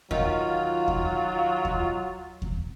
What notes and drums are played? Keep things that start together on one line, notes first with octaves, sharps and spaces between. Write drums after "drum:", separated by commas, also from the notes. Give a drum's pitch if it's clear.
D#3 F#3 F4, drum: kick D#2
drum: kick D#2
drum: kick D#2
drum: kick D#2